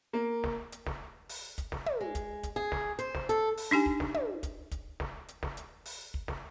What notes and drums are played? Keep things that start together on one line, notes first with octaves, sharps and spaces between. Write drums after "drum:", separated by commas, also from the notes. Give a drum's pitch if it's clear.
A#3
drum: snare
drum: hi-hat
drum: snare
drum: open hi-hat
drum: kick, hi-hat
drum: snare
drum: tom
G#3
drum: kick, hi-hat
drum: kick, hi-hat
G#4
drum: snare
C5, drum: hi-hat
drum: snare
A4, drum: hi-hat
drum: open hi-hat
D4 D#4 G4 G#5
drum: kick
drum: snare
drum: tom
drum: kick, hi-hat
drum: kick, hi-hat
drum: snare
drum: hi-hat
drum: snare
drum: hi-hat
drum: open hi-hat
drum: kick
drum: snare